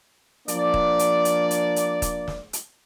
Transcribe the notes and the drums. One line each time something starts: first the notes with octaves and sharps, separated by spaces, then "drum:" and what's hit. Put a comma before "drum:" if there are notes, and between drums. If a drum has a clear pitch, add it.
F3 A#3 D4 D5, drum: hi-hat
drum: kick
drum: hi-hat
drum: hi-hat
drum: hi-hat
drum: hi-hat
drum: kick, hi-hat
drum: snare
drum: hi-hat